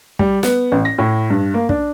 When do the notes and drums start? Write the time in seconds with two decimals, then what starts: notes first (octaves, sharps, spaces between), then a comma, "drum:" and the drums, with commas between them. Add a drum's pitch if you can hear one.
0.19 G3, drum: kick
0.43 B3, drum: snare
0.72 A1
0.85 A#6
0.98 A2
1.30 G2
1.54 A#3
1.69 D4, drum: kick